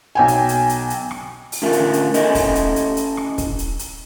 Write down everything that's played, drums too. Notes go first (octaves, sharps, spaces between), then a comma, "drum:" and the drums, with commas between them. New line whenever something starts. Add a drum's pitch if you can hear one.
B1 G5 G#5
drum: hi-hat
drum: hi-hat
drum: hi-hat
drum: hi-hat
drum: rim click
drum: open hi-hat
A2 D3 C#4 F4 A#4 E5
drum: hi-hat
drum: hi-hat
C#4 E4 A4 D#5 E5, drum: hi-hat
drum: kick, open hi-hat
drum: hi-hat
drum: hi-hat
drum: hi-hat
drum: rim click
drum: kick, hi-hat
drum: hi-hat
drum: hi-hat